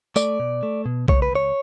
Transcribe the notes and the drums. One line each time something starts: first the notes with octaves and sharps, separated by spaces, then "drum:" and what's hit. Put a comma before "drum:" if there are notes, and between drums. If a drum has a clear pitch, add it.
A3 D5, drum: tambourine
B2
A3
B2
C#2 C#5, drum: kick B1
B4
C#2 C#5